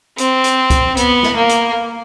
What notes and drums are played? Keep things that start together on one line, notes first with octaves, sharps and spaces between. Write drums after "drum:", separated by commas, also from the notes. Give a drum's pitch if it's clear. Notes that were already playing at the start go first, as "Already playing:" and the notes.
C4, drum: hi-hat
drum: hi-hat
drum: kick, hi-hat
B3, drum: hi-hat
drum: snare
A#3
drum: hi-hat